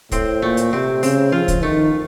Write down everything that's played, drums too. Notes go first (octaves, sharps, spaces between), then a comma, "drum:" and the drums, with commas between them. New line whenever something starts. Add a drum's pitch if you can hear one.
A2 C4, drum: kick, hi-hat
A#2 A3
drum: hi-hat
C3 C4
C#3 C4, drum: open hi-hat
F3 F4
drum: kick, hi-hat
D#3 A3